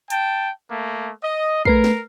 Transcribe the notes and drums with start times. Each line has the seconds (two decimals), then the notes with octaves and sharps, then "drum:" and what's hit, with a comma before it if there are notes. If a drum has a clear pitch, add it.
0.10 G5 A5, drum: hi-hat
0.70 A3 A#3
1.22 D#5
1.65 A3 A#4 B4 C7, drum: kick
1.84 drum: snare